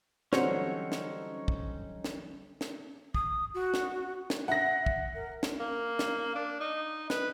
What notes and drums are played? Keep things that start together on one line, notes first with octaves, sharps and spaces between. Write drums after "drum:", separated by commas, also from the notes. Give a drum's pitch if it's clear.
D3 E3 F#3 G3 C4 C#4 D#4 C#5, drum: snare
drum: snare
drum: kick
drum: snare
drum: snare
D#6, drum: kick
F#4
drum: snare
drum: snare
E5 F#5 A#6
drum: kick
A#4
drum: snare
A#3
drum: snare
D4
D#4
B4, drum: snare